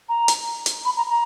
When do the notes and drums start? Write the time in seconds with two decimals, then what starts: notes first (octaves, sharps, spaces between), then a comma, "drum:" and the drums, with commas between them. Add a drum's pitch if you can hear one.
0.09 A#5
0.28 drum: hi-hat
0.66 drum: hi-hat
0.85 B5
0.97 A#5
1.09 A#5